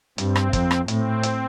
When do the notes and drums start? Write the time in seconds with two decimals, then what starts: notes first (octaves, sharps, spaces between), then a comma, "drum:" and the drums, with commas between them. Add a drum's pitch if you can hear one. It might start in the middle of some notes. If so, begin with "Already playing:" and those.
0.18 G2 C4, drum: hi-hat
0.36 drum: rim click
0.53 F2, drum: kick, hi-hat
0.71 drum: rim click
0.88 A2 C4, drum: hi-hat
1.23 drum: hi-hat